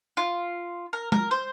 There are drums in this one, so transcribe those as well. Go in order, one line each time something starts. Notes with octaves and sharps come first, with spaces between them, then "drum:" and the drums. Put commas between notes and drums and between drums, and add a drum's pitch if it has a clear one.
F4
A#4
A#4, drum: tom
C5